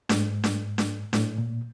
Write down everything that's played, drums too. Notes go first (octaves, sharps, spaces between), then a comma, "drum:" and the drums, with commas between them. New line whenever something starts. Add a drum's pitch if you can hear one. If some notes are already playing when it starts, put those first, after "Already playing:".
G#2, drum: snare D4
drum: snare D4
drum: snare D4
A2, drum: snare D4
A#2